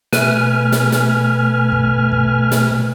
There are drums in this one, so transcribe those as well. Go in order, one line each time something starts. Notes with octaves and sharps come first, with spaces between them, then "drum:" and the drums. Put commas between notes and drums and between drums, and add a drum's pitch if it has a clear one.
B2 A3 B4 G#5 F6, drum: snare
drum: snare
drum: snare
drum: kick
drum: kick
drum: snare